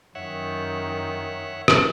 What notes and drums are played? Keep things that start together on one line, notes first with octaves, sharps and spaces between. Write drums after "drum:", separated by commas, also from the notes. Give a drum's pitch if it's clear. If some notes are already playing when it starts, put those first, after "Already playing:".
F#2 D#3 C#5 E5 F#5
drum: rim click